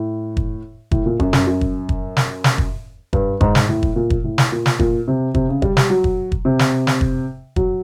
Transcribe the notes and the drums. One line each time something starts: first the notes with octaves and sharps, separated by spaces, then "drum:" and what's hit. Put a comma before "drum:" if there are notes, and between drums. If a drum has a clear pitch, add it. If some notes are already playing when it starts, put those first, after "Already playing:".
Already playing: A2
drum: kick
A2, drum: kick
A#2
F#2, drum: kick
F#2, drum: snare
F#2
drum: kick
drum: kick
drum: snare
drum: snare
drum: kick
G2, drum: kick
G#2, drum: kick
drum: snare
A2
drum: kick
A#2
drum: kick
A2
drum: snare
A#2
drum: snare
A#2, drum: kick
C3
C3, drum: kick
C#3
G3, drum: kick
G3, drum: snare
F#3
drum: kick
drum: kick
C3
drum: snare
drum: snare
drum: kick
F#3, drum: kick